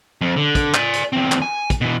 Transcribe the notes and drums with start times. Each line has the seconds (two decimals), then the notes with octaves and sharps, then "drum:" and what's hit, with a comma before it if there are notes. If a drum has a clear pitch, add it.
0.21 F2
0.36 D3
0.55 drum: kick, hi-hat
0.74 D5 G#5, drum: clap
0.93 drum: hi-hat
1.13 E2 C4
1.32 drum: clap
1.42 G#5
1.70 drum: kick, hi-hat
1.81 B2 E3